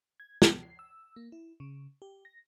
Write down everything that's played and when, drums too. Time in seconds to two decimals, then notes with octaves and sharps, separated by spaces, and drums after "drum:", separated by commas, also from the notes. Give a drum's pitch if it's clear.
0.20 G#6
0.42 B3, drum: snare
0.63 C7
0.79 E6
1.16 A#3
1.32 E4
1.60 C#3
2.02 G4
2.25 A#6